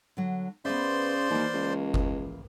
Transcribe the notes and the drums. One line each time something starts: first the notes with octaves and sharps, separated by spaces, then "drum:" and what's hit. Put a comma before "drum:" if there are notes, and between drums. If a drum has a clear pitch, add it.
D3 F#3
C#3 B3 B4 C5 D5 E5 C6
D#2 E3 A#3
C#2
drum: kick F#1